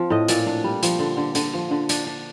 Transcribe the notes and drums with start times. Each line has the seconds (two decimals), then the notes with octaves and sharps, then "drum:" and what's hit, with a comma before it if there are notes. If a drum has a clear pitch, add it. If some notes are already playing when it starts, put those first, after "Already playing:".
Already playing: F3 C4 F4
0.10 A2 D#5
0.28 A#2 D5, drum: hi-hat
0.46 D4
0.64 G3
0.83 F3, drum: hi-hat
0.99 D3
1.17 D3
1.35 D3, drum: hi-hat
1.54 F3
1.71 D3
1.89 D4, drum: hi-hat
2.07 D4